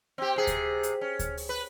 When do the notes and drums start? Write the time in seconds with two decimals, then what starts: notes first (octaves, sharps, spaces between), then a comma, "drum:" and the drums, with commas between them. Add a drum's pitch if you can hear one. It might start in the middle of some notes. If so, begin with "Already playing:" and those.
0.18 C4 G4
0.36 C3 G#4
0.47 drum: kick D2, hi-hat
0.83 drum: hi-hat
1.01 C#4
1.19 drum: kick D2, hi-hat
1.37 drum: open hi-hat
1.49 B4